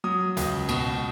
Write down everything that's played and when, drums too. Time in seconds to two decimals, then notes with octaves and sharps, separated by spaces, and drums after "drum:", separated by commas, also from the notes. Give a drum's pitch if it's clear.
0.04 F#3 D#6
0.37 C#2, drum: hi-hat
0.69 B2, drum: cymbal